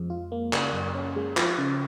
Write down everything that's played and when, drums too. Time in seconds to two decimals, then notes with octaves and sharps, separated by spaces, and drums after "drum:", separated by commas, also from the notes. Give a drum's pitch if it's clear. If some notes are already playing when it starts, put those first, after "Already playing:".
Already playing: F2 F3 G#3
0.10 F4
0.32 A#3
0.53 C#3, drum: clap
0.73 F#2
0.95 C#4
1.16 G#3
1.37 F3, drum: clap
1.58 C#3